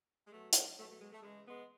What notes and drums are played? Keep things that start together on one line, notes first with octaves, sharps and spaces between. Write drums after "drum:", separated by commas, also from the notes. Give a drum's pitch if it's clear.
G#3
B2 F#3 A3
drum: hi-hat
B2 F#3 A3
A3
G#3
A3
C#3 E3 G#3
G#3 B3